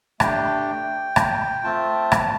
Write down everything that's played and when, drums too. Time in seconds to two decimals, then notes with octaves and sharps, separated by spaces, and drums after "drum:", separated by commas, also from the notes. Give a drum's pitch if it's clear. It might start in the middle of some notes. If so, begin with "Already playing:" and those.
0.20 A3 D4 G4 G5, drum: rim click
1.16 drum: rim click
1.64 A3 C4 F4 A5
2.12 drum: rim click